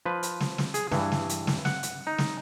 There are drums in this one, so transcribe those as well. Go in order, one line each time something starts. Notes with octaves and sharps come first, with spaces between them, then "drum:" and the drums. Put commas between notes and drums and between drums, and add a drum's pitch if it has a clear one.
F3 B4
drum: hi-hat
drum: snare
drum: snare
G#4, drum: hi-hat
G2 E3, drum: snare
drum: snare
drum: hi-hat
drum: snare
F#5, drum: snare
drum: hi-hat
D#4
drum: snare